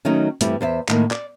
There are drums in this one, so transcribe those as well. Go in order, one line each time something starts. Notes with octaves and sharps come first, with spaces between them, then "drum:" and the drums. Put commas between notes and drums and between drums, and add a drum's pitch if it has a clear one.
D#3 F#3 A3 C#4 D#4
G2 E3 G3 A3 C4 E4, drum: hi-hat
E2 C5 D5 E5
A2 D#3 A#3, drum: clap
D5, drum: clap